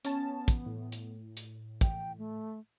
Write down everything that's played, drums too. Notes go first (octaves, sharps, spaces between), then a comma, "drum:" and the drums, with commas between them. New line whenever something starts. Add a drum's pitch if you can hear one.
B3 C#4 A5, drum: hi-hat
drum: kick, hi-hat
A2
drum: hi-hat
drum: hi-hat
G5, drum: kick, hi-hat
A3